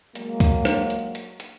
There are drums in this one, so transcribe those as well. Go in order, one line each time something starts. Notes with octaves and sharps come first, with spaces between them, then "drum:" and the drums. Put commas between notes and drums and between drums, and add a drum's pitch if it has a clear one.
F#3 G#3 A#3, drum: hi-hat
drum: kick C#2, open hi-hat
drum: rim click
drum: hi-hat
drum: hi-hat
drum: hi-hat